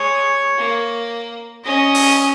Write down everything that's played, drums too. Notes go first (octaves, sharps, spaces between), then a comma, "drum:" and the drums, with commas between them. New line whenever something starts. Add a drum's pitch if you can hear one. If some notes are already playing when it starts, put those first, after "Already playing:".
Already playing: G#3 C#5
A#3
C#4 D#5
drum: open hi-hat